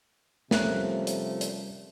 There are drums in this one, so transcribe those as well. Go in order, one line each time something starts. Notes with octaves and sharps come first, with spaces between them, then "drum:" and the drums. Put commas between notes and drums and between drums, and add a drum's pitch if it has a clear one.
C3 F3 G3 A3 C#4 A#4 E5 F#6, drum: snare
drum: hi-hat
drum: hi-hat